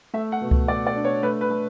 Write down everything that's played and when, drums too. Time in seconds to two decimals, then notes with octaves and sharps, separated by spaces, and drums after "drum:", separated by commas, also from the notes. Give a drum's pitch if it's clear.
0.14 A3 E5
0.32 F#5
0.41 B2
0.51 drum: kick C#2
0.68 A3 D5
0.87 D5
0.96 D4
1.05 C#5
1.23 A3 B4
1.41 B4
1.50 A3